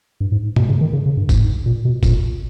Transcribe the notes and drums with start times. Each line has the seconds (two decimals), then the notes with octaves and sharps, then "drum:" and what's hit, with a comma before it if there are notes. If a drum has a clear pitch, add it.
0.20 G2
0.32 G#2
0.56 B2, drum: tom
0.69 C#3
0.81 D#3
0.93 C#3
1.06 C#3
1.17 G2
1.29 G#2, drum: kick, tambourine
1.66 A#2
1.85 B2
2.03 A#2, drum: kick, tambourine